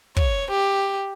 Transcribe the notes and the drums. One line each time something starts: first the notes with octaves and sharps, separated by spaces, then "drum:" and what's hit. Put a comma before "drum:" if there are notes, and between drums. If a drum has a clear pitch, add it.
C#5, drum: kick
G4